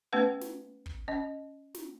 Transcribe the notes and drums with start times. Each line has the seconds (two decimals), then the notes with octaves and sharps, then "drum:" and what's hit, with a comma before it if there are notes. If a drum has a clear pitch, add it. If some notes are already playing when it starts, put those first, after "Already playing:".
0.13 A3 B3 C#4 B4 F#5
0.41 drum: snare
0.86 drum: kick
1.08 C#4 D#5
1.74 drum: snare